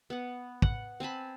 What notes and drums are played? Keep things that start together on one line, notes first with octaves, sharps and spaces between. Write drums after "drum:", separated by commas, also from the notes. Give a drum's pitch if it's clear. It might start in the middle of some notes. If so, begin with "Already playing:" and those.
B3 F#5
F#5, drum: kick
C4 G#5 A5 B5